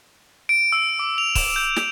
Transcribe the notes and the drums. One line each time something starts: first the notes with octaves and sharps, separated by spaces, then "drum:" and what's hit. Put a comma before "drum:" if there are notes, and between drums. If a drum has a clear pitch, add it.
D7
E6
D6
F7
E7, drum: kick, open hi-hat
G6
drum: snare